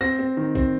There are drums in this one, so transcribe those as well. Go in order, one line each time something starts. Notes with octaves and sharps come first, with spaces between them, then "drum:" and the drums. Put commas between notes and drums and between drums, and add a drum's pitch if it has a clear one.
C4 A#6
C4
D#3
C4, drum: kick A#1